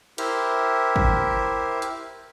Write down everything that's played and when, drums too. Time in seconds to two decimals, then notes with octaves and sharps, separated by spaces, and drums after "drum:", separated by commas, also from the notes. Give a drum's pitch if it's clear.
0.18 E4 G4 A#4 C5 E5, drum: cymbal
0.96 drum: kick
1.82 drum: hi-hat